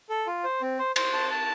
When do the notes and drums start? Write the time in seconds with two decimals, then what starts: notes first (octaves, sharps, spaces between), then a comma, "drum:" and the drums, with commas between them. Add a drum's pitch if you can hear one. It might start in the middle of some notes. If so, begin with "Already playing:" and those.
0.10 A4
0.27 F4
0.44 C5
0.62 C4
0.79 C5
0.96 C5, drum: cymbal
1.14 A5
1.30 A5